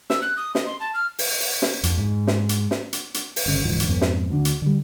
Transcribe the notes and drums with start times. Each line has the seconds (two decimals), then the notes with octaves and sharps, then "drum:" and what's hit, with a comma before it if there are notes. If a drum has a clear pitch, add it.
0.10 E6, drum: snare
0.22 F#6
0.37 D#6
0.55 D#5, drum: snare
0.66 C6
0.80 A5
0.94 F6
1.19 drum: open hi-hat
1.40 drum: open hi-hat
1.62 drum: snare
1.83 F2, drum: hi-hat
1.98 G#2
2.27 drum: snare
2.49 drum: hi-hat
2.71 drum: snare
2.93 drum: hi-hat
3.14 drum: hi-hat
3.36 drum: open hi-hat
3.46 G1 C#3
3.65 D1 G#2 E3 F3
3.80 drum: hi-hat
3.89 F2 G#2 B3
4.01 drum: snare
4.30 D2 D3 D4
4.45 drum: hi-hat
4.62 D3 G3